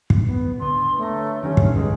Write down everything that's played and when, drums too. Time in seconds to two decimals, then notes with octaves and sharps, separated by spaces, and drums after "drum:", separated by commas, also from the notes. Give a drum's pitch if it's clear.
0.10 drum: kick
0.25 B3
0.60 D3 B3 C6
0.98 A3 C#5 A#5
1.42 D#3 F#3 G3 C#4
1.57 drum: kick
1.75 C#2 A2 G#3